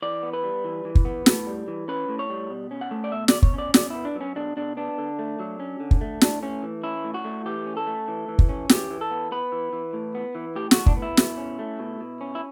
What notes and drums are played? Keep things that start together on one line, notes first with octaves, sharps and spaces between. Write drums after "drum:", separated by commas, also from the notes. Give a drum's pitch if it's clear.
E3 D5
B3
B4
G3
E3
E3
drum: kick
B3
A2, drum: snare
G3
E3
C#4 B4
A2
C#5
G3
B2
C#4
F#5
A3
D5
B2 E5
B2 D5, drum: snare
C#5, drum: kick
C#4 D5
B2 D5, drum: snare
B3 E4
D4
F#3
C#4
B2 D4
B2 D4
B3 D4
D3
A3
F#3
C#4
D3
drum: kick
A3
A2 D4, drum: snare
A3 C#4
E3
C#4 E4
A2
F#4
A3
E3 G4
C#4
A4
A3
E3
E3
drum: kick
C#4
E3 G4, drum: snare
E3
A4
B3
B3 B4
E3
E3
A2
B3
E3
A2 G4
F#4, drum: snare
A2
D4, drum: kick
B3
E4
B2, drum: snare
C#4
A3
B2
B2
C#4
E4